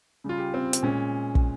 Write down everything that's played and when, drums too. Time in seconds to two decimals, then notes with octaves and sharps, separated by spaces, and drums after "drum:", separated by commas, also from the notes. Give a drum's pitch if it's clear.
0.24 C#3 G3 F4
0.38 G4
0.54 C4
0.73 drum: hi-hat
0.82 A#2 G#3 C#4
1.35 drum: kick